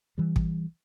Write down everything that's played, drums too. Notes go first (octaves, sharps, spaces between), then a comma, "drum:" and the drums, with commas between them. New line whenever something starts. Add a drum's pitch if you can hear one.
E3 G3
drum: kick